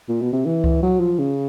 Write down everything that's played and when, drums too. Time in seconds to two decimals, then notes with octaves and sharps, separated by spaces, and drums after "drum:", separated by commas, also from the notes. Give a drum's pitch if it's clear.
0.09 A#2
0.21 B2
0.33 C3
0.45 E3
0.64 drum: kick C#2
0.83 F#3
1.00 F3
1.19 C#3